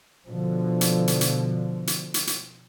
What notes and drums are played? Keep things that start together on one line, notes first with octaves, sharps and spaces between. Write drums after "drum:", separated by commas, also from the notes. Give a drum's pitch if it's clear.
B2 D3 F3
drum: hi-hat
drum: hi-hat
drum: hi-hat
drum: hi-hat
drum: hi-hat
drum: hi-hat